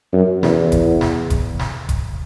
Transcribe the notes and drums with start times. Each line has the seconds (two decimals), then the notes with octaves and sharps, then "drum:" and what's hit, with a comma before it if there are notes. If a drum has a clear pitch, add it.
0.13 F#2
0.43 E2, drum: snare
0.72 drum: kick F1, hi-hat
1.01 drum: snare
1.30 drum: kick F1, hi-hat
1.59 drum: snare
1.89 drum: kick F1, hi-hat